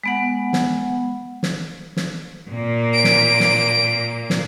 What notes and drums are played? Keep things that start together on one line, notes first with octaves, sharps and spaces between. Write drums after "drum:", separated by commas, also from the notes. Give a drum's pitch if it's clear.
G#3 B3 F#5
drum: snare
drum: snare
drum: snare
A#2 A#3
D7
drum: snare
drum: snare
drum: snare